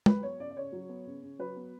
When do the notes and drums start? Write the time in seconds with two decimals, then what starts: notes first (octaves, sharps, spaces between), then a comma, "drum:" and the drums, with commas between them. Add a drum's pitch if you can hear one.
0.06 F#3 B4, drum: tom
0.23 B3 C#5
0.39 C#3 D5
0.50 D5
0.57 C#3 C#5
0.73 F#3
0.89 B3
1.07 C#3
1.23 C#3
1.39 F#3 B4
1.56 B3